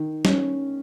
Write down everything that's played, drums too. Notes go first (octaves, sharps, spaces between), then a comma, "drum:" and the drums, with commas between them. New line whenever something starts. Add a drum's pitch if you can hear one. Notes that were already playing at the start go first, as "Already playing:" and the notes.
Already playing: D#3
C#4, drum: snare